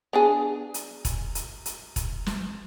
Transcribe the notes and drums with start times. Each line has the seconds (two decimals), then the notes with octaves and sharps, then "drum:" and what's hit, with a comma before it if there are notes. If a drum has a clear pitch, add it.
0.13 B3 D4 G#4
0.74 drum: hi-hat
1.05 drum: kick E1, hi-hat
1.35 drum: hi-hat
1.66 drum: hi-hat
1.96 drum: kick E1, hi-hat
2.26 drum: snare